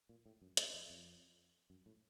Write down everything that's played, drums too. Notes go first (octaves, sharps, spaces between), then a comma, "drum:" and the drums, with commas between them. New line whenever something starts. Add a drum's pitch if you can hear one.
A#2
A2
F#2
A2, drum: hi-hat
F2
F2
F#2
A2